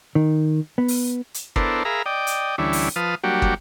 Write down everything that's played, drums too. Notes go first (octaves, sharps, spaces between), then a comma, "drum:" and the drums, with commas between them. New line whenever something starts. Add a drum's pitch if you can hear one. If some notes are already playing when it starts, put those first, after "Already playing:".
D#3
B3
drum: open hi-hat
drum: hi-hat
B3 D4 E4 A4 A#4 C5, drum: kick
G#4 A#4 E5 F5 A#5 B5
D5 D#5 G5
drum: hi-hat
D2 E3 G3 C#4 D4 E4
drum: open hi-hat
F3 B4 A5 D#6 F6
F#3 G3 A#3 D4 F#4 G4
drum: kick